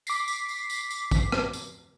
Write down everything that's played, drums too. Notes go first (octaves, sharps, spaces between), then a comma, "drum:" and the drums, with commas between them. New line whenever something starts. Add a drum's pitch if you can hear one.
D6 B6 C7, drum: tambourine
drum: tambourine
drum: tambourine
drum: tambourine
drum: tambourine
drum: kick, tambourine
drum: rim click
drum: tambourine